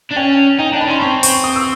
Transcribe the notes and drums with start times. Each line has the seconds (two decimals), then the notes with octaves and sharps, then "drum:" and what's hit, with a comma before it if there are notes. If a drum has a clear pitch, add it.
0.11 D4
0.16 C#4 G5
0.59 D#4 G5
0.70 D4 G5
0.81 B5
0.88 C#4 C6
1.02 C4 C#6
1.23 C#6, drum: open hi-hat
1.44 D#6
1.56 E6